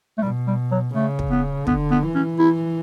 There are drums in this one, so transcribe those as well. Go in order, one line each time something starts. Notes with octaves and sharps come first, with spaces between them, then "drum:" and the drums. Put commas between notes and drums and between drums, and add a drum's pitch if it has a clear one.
A3
B2 G3
G3
F#3
C#3 A3
drum: kick
B3
D3 B3, drum: kick
B3
E3
C#4
E4